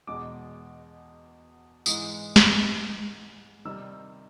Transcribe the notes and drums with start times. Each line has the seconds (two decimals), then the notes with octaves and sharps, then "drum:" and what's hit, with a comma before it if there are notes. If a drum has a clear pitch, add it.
0.07 E2 B2 G#3 D6
1.86 G#2 E3 G#3 D#6, drum: tambourine
2.36 drum: snare
3.65 C3 D#3 G3 E6